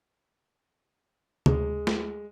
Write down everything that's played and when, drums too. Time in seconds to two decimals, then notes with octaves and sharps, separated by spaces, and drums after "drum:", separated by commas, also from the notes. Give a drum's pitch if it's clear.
1.46 D2 G#3, drum: tom
1.87 drum: snare A3